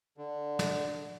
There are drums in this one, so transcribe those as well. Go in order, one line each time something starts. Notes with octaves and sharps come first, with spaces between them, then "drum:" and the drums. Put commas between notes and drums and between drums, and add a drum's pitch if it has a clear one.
D3
drum: snare